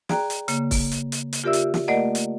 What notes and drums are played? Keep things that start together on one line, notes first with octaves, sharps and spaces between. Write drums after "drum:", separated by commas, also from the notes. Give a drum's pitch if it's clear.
G#4 D5 G5 A#5 F#6, drum: snare
drum: hi-hat
C#3 A#3, drum: hi-hat
drum: kick, open hi-hat
drum: hi-hat
drum: hi-hat
drum: hi-hat
F4 G4 A#4 D5 E5 E6
drum: hi-hat
drum: snare
A3 A#3 A#4 D5 D#5 F#5
drum: hi-hat